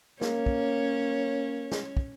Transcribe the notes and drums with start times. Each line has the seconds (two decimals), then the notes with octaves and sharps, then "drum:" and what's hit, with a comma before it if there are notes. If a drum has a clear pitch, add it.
0.21 A#3 C#4 C#5, drum: snare
0.46 drum: kick
1.72 drum: snare
1.97 drum: kick